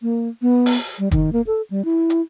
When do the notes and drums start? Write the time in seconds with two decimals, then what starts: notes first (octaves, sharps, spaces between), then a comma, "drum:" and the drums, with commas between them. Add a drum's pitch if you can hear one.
0.02 A#3
0.42 B3
0.66 drum: open hi-hat
0.99 G3
1.11 D#3, drum: kick, hi-hat
1.33 A#3
1.47 A4
1.70 G3
1.85 E4
2.10 drum: hi-hat